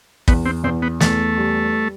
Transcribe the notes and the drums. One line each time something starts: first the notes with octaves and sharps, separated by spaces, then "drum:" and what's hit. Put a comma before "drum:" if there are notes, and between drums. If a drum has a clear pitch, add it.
E2 B3, drum: kick
C4
E2 C4
B3
E2 A3, drum: snare
G3